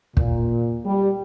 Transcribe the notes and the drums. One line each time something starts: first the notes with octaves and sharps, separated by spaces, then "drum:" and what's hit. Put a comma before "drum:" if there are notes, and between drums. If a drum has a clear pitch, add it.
A#2, drum: kick
G3